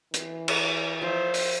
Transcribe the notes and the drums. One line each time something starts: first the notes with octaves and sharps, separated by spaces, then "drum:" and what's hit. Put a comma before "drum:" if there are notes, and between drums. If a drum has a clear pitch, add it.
E3, drum: hi-hat
drum: cymbal
F3 C5 E5
drum: open hi-hat